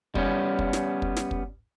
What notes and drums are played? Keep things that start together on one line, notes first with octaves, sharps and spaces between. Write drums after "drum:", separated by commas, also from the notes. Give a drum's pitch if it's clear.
G3 B3 C#4, drum: kick
drum: kick
drum: snare
drum: kick
drum: snare
drum: kick